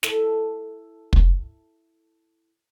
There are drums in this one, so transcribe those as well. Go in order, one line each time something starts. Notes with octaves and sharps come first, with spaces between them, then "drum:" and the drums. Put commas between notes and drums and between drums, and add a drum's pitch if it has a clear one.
E4 A4, drum: snare
drum: kick